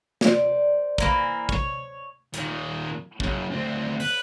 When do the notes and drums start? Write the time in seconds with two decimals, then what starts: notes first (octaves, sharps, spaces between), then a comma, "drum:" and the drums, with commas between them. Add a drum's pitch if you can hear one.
0.21 C5 D5, drum: snare
0.98 E3 A#3 A#4, drum: kick
1.49 C#5, drum: kick
2.34 A#2 D#3, drum: hi-hat
3.20 F#2 C#3, drum: kick
3.51 D2 C4
4.00 B4, drum: open hi-hat